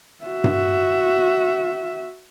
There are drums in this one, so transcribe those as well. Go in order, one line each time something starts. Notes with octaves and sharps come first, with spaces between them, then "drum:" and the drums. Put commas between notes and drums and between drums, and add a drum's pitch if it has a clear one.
F#4 E5
drum: tom G2